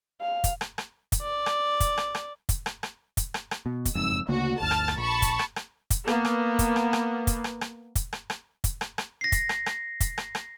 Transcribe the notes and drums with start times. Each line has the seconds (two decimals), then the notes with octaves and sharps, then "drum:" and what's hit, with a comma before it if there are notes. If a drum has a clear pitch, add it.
0.21 F5
0.44 drum: kick, hi-hat
0.61 drum: rim click
0.78 drum: rim click
1.12 drum: kick, hi-hat
1.22 D5
1.46 drum: rim click
1.80 drum: kick, hi-hat
1.97 drum: rim click
2.15 drum: rim click
2.49 drum: kick, hi-hat
2.66 drum: rim click
2.83 drum: rim click
3.17 drum: kick, hi-hat
3.34 drum: rim click
3.51 drum: rim click
3.66 B2
3.85 drum: kick, hi-hat
3.95 F#1 F2 G#2 E6
4.29 D2 C#3 A#3 F#4
4.60 G1 D2 A5 F6 A6
4.71 drum: rim click
4.88 drum: rim click
4.97 A#1 A5 B5 C#6
5.22 drum: kick, hi-hat
5.39 drum: rim click
5.56 drum: rim click
5.90 drum: kick, hi-hat
6.08 A#3 B3, drum: rim click
6.25 drum: rim click
6.59 drum: kick, hi-hat
6.76 drum: rim click
6.93 drum: rim click
7.27 drum: kick, hi-hat
7.44 drum: rim click
7.61 drum: rim click
7.95 drum: kick, hi-hat
8.13 drum: rim click
8.30 drum: rim click
8.64 drum: kick, hi-hat
8.81 drum: rim click
8.98 drum: rim click
9.21 A#6 C7
9.32 drum: kick, hi-hat
9.49 drum: rim click
9.66 drum: rim click
10.00 drum: kick, hi-hat
10.18 drum: rim click
10.35 drum: rim click